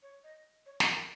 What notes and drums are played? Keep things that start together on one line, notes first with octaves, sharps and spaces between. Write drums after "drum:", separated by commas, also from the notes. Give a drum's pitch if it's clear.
C#5
D#5
C#5
D#5, drum: snare
A#4